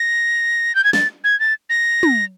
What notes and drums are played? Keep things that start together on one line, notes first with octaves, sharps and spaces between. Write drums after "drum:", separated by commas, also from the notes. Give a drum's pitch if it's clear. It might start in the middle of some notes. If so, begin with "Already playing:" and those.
Already playing: A#6
G6
G#6
A6, drum: snare
G#6
A6
A#6
drum: tom